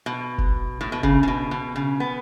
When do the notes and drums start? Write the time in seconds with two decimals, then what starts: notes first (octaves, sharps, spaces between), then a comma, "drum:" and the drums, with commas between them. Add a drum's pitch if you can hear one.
0.06 B2
0.38 drum: kick F1
0.81 A2
0.92 B2
1.03 C#3, drum: kick F1
1.23 C#3
1.28 B2
1.51 B2
1.76 C#3
2.00 B3